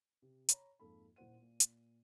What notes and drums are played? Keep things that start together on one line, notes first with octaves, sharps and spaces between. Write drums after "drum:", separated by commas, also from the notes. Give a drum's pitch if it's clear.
C3
C#5 A#5 B5, drum: hi-hat
F2 G#2 A#3 A4 B5
D#1 A#2 E4 C5 F#5 D#7
A#2
drum: hi-hat